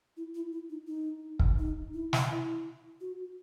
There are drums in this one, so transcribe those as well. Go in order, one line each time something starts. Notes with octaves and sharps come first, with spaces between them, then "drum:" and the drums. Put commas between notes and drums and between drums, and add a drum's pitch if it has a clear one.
E4
E4
E4
D#4
D#4
drum: kick
D#4
E4
drum: snare
E4
F#4